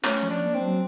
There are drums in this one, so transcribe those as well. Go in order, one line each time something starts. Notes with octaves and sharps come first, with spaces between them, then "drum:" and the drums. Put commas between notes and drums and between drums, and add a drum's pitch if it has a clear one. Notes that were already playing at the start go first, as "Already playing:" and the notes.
A3 C#4, drum: clap
F3
D4
A#3
C4
F#3